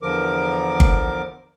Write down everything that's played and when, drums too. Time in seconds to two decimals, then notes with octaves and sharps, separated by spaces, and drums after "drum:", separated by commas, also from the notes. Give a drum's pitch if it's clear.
0.02 E2 D3 F3 A#4 D6
0.80 drum: kick G1